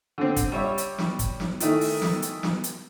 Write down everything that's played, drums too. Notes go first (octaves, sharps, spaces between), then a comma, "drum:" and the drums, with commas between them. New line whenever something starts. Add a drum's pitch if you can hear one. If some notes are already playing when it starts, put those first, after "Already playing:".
D3 C4
drum: kick, hi-hat
G3 C#5 E5
drum: hi-hat
drum: snare
drum: kick, hi-hat
drum: snare
D#3 E3 A3, drum: hi-hat
drum: open hi-hat
drum: snare
drum: hi-hat
drum: snare
drum: hi-hat